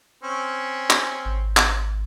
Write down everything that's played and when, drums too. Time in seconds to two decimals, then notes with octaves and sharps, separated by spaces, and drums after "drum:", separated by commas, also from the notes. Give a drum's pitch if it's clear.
0.24 C4 C#4
0.90 drum: clap
1.25 G#1
1.57 drum: clap